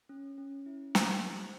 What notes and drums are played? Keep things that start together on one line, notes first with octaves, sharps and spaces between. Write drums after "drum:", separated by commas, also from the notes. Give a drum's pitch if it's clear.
C#4
C#4
E4
G4 C5, drum: snare
E4